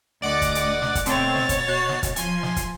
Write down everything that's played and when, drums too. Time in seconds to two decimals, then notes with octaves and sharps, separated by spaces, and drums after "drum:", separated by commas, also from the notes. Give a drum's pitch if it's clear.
0.22 D2 D5 D#5 F#5 D6 A6
0.42 drum: kick, hi-hat
0.55 drum: hi-hat
0.82 drum: snare
0.95 drum: kick, hi-hat
1.06 B2 A3 C4 C#5 A6, drum: hi-hat
1.36 drum: snare
1.49 drum: kick, hi-hat
1.68 F#4 C7
1.89 drum: snare
2.03 drum: kick, hi-hat
2.16 F3 G#5 C6, drum: hi-hat
2.43 drum: snare
2.56 drum: kick, hi-hat